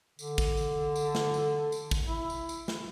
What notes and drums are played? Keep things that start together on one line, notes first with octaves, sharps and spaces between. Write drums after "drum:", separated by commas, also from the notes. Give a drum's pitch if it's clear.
D3, drum: tambourine
drum: kick, tambourine
drum: tambourine
drum: tambourine
drum: snare
drum: tambourine
drum: tambourine
drum: kick, tambourine
E4
drum: tambourine
drum: tambourine
drum: snare